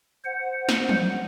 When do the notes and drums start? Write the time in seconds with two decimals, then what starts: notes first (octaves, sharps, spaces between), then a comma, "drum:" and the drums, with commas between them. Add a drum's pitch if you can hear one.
0.25 C5 F#5
0.69 drum: snare
0.89 drum: tom E3